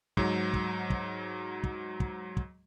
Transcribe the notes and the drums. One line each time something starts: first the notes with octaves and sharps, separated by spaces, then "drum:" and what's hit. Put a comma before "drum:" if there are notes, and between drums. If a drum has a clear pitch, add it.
G#2 F#3, drum: kick
drum: kick
drum: kick
drum: kick
drum: kick
drum: kick